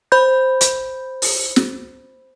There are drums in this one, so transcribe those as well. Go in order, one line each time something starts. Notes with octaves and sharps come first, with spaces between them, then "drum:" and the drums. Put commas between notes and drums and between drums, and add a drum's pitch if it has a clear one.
C5 B5 G6
drum: hi-hat
drum: open hi-hat
drum: snare